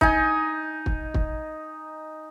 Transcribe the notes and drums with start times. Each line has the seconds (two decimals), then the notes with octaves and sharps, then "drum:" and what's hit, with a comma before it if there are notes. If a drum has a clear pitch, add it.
0.01 D#4 G#5, drum: kick
0.86 drum: kick
1.14 drum: kick